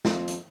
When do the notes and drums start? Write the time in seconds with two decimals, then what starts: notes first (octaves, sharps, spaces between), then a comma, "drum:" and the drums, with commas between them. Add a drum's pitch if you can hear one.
0.05 F2, drum: snare
0.28 drum: hi-hat